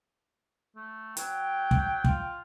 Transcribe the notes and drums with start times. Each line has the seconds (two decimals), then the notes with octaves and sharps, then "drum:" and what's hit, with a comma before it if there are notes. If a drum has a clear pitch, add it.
0.76 A3
1.17 F#3 G5, drum: hi-hat
1.71 drum: kick
2.04 F4, drum: kick